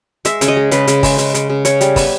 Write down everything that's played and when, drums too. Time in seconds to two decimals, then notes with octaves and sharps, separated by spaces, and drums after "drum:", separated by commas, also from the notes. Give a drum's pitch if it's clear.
0.25 G#3 E5, drum: hi-hat
0.41 C#3 C#5, drum: hi-hat
0.48 D#5
0.57 G#3
0.71 C#3 B4, drum: hi-hat
0.87 C#3, drum: hi-hat
1.03 G#3, drum: kick, open hi-hat
1.18 C#3, drum: hi-hat
1.34 C#3, drum: hi-hat
1.50 C#3
1.65 C#3 C#5, drum: hi-hat
1.81 G3, drum: hi-hat
1.96 B3, drum: kick, open hi-hat